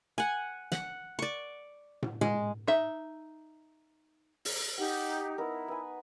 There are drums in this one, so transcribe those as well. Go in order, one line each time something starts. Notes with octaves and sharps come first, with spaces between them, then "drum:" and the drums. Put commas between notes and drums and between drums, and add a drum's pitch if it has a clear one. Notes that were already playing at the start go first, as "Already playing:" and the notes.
F#5 G#5
F#5, drum: snare
D5 C#6
drum: tom
G#3, drum: tom
D#4 E5
drum: open hi-hat
D#4 G4 F#5
B3 D#4 E4 A#4
B4 G#5